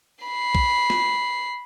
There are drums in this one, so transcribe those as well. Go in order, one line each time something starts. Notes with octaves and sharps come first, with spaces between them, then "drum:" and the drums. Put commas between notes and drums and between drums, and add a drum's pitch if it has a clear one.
B5 C7
drum: kick
drum: snare